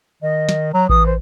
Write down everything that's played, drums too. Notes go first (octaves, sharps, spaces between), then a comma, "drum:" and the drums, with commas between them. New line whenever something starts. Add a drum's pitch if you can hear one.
D#3 D#5
drum: snare
F#3 A#5
E3 D#6, drum: kick A1
C5